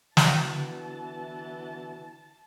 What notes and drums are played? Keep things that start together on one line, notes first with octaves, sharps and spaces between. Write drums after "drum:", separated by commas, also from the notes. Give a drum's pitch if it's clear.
D3 E3 B3 F#4 F#5 A5, drum: snare